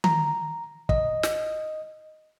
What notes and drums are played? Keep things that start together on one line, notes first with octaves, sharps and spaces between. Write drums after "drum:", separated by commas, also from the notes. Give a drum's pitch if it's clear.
A#5, drum: tom D#3
D#5, drum: kick
drum: snare